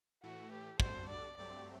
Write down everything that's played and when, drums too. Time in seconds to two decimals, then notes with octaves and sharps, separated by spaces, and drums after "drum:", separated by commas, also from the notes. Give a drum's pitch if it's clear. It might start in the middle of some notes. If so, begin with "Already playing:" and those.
0.23 A2 E3 A3 F#4
0.51 G4
0.80 G3 D4 F#4 A4 C5, drum: kick
1.09 D5
1.37 G2 F#3 A3 C4 G4 D5